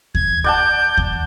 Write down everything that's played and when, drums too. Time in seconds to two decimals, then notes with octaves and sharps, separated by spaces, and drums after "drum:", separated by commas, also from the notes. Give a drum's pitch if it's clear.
0.15 G#6, drum: kick D#2
0.44 D5 F#5 A5 G6
0.98 drum: kick D#2